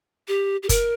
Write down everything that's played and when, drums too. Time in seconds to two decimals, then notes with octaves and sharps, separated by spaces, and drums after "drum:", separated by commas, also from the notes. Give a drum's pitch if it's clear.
0.28 G4
0.63 G4
0.69 A#4, drum: kick F#1, hi-hat